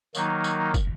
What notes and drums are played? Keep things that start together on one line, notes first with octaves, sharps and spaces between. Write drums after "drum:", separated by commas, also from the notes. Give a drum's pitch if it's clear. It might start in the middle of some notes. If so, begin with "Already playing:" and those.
D#3 F#3 A#3 D#4, drum: tambourine
drum: tambourine
drum: kick, tambourine